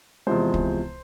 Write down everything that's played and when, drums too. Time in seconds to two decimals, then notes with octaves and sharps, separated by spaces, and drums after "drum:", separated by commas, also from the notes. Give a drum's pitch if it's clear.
0.27 E2 C3 F3 G#3 C5
0.54 drum: kick